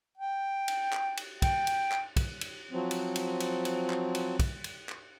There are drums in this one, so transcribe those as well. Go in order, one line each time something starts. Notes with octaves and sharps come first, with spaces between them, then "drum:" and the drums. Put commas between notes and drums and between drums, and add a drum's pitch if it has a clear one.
G5
drum: cymbal
drum: clap
drum: cymbal
G5, drum: kick, cymbal
drum: cymbal
drum: clap
drum: kick, cymbal
drum: cymbal
F3 F#3 C4
drum: cymbal
drum: cymbal
drum: cymbal
drum: cymbal
drum: clap
drum: cymbal
drum: kick, cymbal
drum: cymbal
drum: clap